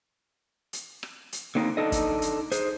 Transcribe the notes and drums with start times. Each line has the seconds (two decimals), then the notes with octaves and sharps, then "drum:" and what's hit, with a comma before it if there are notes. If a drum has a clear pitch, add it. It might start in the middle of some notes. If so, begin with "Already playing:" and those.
0.73 drum: hi-hat
1.03 drum: rim click
1.33 drum: hi-hat
1.55 D3 A#3 C4 D#4
1.77 D4 D#4 A4 D#5
1.92 drum: kick, hi-hat
2.22 drum: hi-hat
2.52 G#4 C5, drum: hi-hat